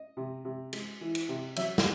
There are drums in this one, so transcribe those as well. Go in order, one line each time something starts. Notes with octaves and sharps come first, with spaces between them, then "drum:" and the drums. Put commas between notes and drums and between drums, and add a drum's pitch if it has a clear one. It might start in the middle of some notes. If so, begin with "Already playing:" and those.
Already playing: D#5
C3
C3
G#3, drum: cymbal
E3
drum: cymbal
C3
F#3 E5, drum: cymbal
drum: snare